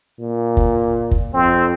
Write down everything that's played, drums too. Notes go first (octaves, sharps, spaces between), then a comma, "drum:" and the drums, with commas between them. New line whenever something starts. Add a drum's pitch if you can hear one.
A#2
drum: kick
drum: kick
F2 C4